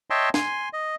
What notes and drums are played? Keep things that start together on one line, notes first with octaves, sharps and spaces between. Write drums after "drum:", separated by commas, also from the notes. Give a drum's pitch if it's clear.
C#5 D#5 E5 G5 A5 C6
G#5 C6, drum: snare
D#5